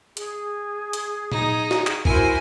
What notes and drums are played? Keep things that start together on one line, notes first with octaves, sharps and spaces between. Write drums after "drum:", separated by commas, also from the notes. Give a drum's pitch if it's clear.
G#4, drum: hi-hat
drum: hi-hat
D#4, drum: tom A#2
drum: snare
drum: clap
E4 F#4 A#4 C5 G#5, drum: kick